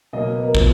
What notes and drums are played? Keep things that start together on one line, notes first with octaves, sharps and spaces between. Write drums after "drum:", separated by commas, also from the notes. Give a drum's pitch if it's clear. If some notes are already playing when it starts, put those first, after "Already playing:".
B2 F#3 A#3 D#5
B4
A#4
A#2 F3 B3, drum: kick